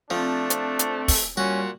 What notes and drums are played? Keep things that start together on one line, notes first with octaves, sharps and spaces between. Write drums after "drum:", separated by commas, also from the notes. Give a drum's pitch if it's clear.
F3 A3 C4 D4
drum: hi-hat
drum: hi-hat
drum: kick, open hi-hat
A#2 G3 C#4 F#4